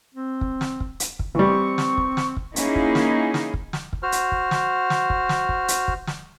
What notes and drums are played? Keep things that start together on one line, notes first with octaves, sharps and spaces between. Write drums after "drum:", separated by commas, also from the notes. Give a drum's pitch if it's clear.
C4
drum: kick
drum: snare
drum: kick
drum: hi-hat
drum: kick
E3 G3 C4 C#6
drum: snare
drum: kick
drum: snare
drum: kick
A#3 C#4 D#4 E4 G#4, drum: hi-hat
drum: kick
drum: snare
drum: snare
drum: kick
drum: snare
drum: kick
F#4 C5 F6
drum: hi-hat
drum: kick
drum: snare
drum: snare
drum: kick
drum: snare
drum: kick
drum: hi-hat
drum: kick
drum: snare